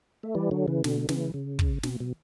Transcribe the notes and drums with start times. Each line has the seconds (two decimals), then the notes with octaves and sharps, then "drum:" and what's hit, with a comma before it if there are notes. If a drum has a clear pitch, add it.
0.23 A3
0.35 E3 G3
0.51 D3 F#3
0.68 C#3 E3
0.84 B2 D3, drum: snare
1.09 C#3 E3, drum: snare
1.34 C#3
1.59 drum: kick
1.83 B2, drum: snare
2.00 B2